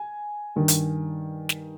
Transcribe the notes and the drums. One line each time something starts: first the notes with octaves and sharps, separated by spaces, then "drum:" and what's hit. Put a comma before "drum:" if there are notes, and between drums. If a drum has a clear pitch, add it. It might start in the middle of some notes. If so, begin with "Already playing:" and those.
Already playing: G#5
G2 D#3
drum: hi-hat
drum: snare